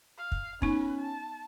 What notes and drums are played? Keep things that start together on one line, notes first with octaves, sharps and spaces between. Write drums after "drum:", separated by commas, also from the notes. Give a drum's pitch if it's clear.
F5
drum: kick
B3 C#4 D#4 B4, drum: kick
A5